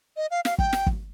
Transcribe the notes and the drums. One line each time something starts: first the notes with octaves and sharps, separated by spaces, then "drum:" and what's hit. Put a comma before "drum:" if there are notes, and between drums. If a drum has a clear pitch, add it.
D#5
F5
F5, drum: snare
G5, drum: kick
drum: snare
drum: kick